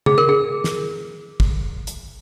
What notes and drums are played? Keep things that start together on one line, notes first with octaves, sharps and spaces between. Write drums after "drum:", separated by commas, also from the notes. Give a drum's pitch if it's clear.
G#4, drum: tom
A#4
G#4
drum: snare
drum: kick
drum: hi-hat